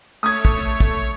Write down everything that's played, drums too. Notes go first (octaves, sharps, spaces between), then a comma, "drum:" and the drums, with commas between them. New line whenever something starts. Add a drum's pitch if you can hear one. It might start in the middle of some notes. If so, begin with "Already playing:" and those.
A3 C#5 D#6 G#6
drum: kick
drum: hi-hat
drum: kick